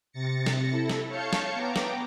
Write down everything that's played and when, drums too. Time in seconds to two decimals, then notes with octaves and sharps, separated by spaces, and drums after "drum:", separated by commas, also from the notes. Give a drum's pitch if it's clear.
0.12 C3 A6 A#6 C#7
0.46 drum: snare
0.71 E4 A4
0.90 drum: snare
1.09 C#5 F5 A5 C#6 G6 C#7
1.33 drum: snare
1.54 B3 G5 A#5 D6
1.76 drum: snare